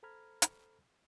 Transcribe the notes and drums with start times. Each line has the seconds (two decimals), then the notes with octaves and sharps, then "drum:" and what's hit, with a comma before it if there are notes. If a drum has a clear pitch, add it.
0.03 A4 C5 A#5 B5 F6 G#6
0.42 drum: hi-hat